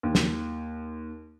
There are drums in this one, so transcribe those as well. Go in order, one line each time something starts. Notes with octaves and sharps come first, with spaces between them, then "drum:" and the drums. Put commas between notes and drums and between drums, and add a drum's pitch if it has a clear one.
D#2
drum: snare